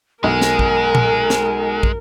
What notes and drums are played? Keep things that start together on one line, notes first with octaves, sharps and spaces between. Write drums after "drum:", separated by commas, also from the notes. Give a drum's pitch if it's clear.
B1 G#3 A#4 G#5
drum: snare
drum: kick
drum: tom A#2
drum: snare
drum: kick